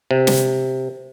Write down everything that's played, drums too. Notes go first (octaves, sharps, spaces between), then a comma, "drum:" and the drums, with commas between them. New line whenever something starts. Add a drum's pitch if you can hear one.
C3
drum: snare